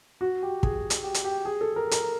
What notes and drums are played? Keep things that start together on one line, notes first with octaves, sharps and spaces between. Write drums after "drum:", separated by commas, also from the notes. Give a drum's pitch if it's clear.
F#4
G4
G#4, drum: kick
drum: hi-hat
G4
drum: hi-hat
G4
G#4
A4
A#4
A#4, drum: hi-hat